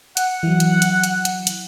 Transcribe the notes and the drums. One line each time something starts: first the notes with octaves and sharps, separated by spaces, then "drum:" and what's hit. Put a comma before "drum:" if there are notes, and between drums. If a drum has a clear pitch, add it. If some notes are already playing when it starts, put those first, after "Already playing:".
F#5, drum: hi-hat
E3 F#3
drum: hi-hat
drum: hi-hat
drum: hi-hat
drum: hi-hat
drum: hi-hat